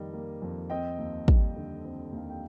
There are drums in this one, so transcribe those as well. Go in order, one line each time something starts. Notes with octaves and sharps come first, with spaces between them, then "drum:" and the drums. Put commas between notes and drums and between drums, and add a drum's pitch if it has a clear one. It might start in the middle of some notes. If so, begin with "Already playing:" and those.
Already playing: F2 D#3 G3 A#3 D#5
A#3
F2
C4 D#5 G5
D#2
G3, drum: kick
D3
C4
D#2 F5
G5